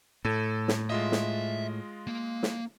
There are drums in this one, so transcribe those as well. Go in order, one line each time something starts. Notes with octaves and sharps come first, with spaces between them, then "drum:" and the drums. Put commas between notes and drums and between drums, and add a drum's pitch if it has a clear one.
A2 A4
drum: snare
G#3 F4 D#5 E5
drum: snare
A#3 F5
drum: snare